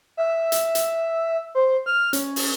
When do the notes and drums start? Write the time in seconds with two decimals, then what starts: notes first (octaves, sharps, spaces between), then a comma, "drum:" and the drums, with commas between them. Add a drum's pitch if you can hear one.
0.17 E5
0.52 drum: hi-hat
0.75 drum: hi-hat
1.55 C5
1.86 F6
2.13 C#4, drum: hi-hat
2.36 drum: open hi-hat